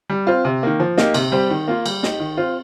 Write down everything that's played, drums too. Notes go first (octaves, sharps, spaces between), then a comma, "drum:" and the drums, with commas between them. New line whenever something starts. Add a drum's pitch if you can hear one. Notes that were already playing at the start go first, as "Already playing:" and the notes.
G3
C4 F4
C3
D#3 A#3
F3
A#3 D#4 G4, drum: snare
C3, drum: cymbal
G3 C4 G4
D#3
A#3 F4
G3, drum: cymbal
D#4 G4, drum: snare
D#3
C4 F4